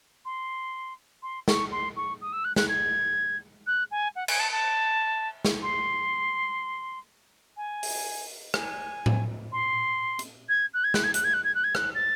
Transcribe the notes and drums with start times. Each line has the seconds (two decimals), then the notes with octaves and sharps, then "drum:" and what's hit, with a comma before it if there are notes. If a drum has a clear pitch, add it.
0.25 C6
1.22 C6
1.48 C#6, drum: snare
1.71 C6
1.96 C#6
2.21 D#6
2.32 E6
2.44 F#6
2.56 F#6, drum: snare
2.69 G#6
3.66 F#6
3.91 G#5
4.15 F#5
4.28 G#5, drum: cymbal
4.39 A5
4.51 A5
5.45 drum: snare
5.62 C6
7.56 G#5
7.83 drum: open hi-hat
8.54 G#5, drum: rim click
9.06 drum: tom A2
9.52 C6
10.19 drum: hi-hat
10.49 G#6
10.73 F#6
10.84 G#6
10.94 F#6, drum: snare
11.03 G#6
11.14 F#6, drum: hi-hat
11.24 G#6
11.33 F#6
11.44 G#6
11.55 F#6
11.64 G#6
11.75 F#6, drum: rim click
11.95 A6